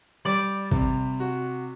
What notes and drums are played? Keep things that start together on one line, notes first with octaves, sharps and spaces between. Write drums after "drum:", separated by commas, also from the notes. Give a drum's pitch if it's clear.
G3 D5
C3, drum: kick G#1
F#4